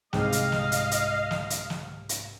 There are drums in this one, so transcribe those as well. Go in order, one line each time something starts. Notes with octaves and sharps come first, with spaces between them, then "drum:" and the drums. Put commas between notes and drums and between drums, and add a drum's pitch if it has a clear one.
C2 G#2 G4 D#5 F5, drum: snare
drum: hi-hat
drum: snare
drum: hi-hat
drum: hi-hat
drum: snare
drum: hi-hat
drum: snare
drum: hi-hat